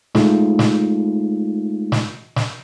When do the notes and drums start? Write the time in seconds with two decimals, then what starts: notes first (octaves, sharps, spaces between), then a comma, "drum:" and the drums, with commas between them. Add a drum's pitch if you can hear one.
0.15 G#3 A3 D#4 F4, drum: snare
0.59 drum: snare
1.92 drum: snare
2.36 drum: snare